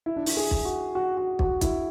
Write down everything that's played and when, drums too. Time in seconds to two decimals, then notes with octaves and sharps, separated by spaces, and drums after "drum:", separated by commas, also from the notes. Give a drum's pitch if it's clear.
0.06 E4
0.16 D4
0.26 E4, drum: open hi-hat
0.37 G#4
0.51 drum: kick
0.65 F#4
0.95 F#4
1.17 F#4
1.39 F#4, drum: kick
1.61 E4, drum: kick, hi-hat